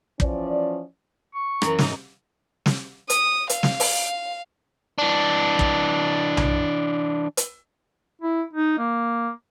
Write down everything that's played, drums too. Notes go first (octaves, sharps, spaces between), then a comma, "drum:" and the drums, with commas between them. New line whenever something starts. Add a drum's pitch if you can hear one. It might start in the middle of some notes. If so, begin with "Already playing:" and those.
E3 F3 C#4 D5, drum: kick
C#6
F#2 E3, drum: rim click
G#2 D#4, drum: snare
drum: snare
D#6, drum: hi-hat
F5, drum: hi-hat
drum: snare
drum: open hi-hat
E3 D4
drum: kick
drum: tom B1
drum: hi-hat
E4
D#4
A#3